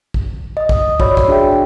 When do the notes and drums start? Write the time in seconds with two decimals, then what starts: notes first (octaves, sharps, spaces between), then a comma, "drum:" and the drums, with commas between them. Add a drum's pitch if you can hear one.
0.14 drum: kick
0.57 D#5 D#6
0.69 D#6, drum: kick
1.00 F#4 C#5 D5 B5 E6, drum: kick
1.17 drum: kick
1.28 D4 F#4 G#4 D5 E5 G5